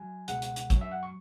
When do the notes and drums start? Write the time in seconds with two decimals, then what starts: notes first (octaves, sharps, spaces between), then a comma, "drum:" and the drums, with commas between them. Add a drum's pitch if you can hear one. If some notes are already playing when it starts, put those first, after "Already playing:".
Already playing: F#3 G#5
0.28 C#2 B2 G#3 F#5, drum: hi-hat
0.42 drum: hi-hat
0.56 drum: hi-hat
0.70 F#2 F#3 C#5, drum: kick, hi-hat
0.81 E5
0.92 F#5
1.03 C#6